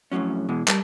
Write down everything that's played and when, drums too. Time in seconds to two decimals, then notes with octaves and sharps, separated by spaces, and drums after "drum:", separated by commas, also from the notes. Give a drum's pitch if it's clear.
0.12 F2 A2 E3 F#3 C#4
0.49 B2 E3 G#3
0.68 G3 A#4 A5, drum: clap